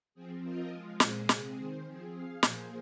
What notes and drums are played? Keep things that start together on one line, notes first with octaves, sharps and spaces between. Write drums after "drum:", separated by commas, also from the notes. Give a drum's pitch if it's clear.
F3 C4 G#4
F3 C4 F4 A#4 D#5
F3 G#3 F4
A#2 G#3 C4 G#4 C5, drum: snare
C3 G#3 C4 G#4, drum: snare
D#3 C4 G#4 C5
F3 C4 G#4
C4 G#4 F5
A#2 F3 A#3 G#4 C5, drum: snare